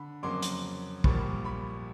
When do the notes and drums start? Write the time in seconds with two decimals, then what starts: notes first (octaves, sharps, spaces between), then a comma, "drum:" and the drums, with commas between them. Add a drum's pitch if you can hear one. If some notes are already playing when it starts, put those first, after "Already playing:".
Already playing: D3 B5
0.23 F2 C#3 F#3 A#3 C6 D6
0.42 drum: hi-hat
1.04 A#1 A#2 G3 A#3 B5 C#6, drum: kick
1.45 B5 C#6